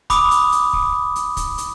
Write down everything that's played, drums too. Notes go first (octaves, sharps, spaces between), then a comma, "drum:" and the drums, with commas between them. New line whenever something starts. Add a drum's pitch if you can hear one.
B5 D6 D#6, drum: kick, hi-hat
drum: hi-hat
drum: hi-hat
drum: kick
drum: hi-hat
drum: kick, hi-hat
drum: hi-hat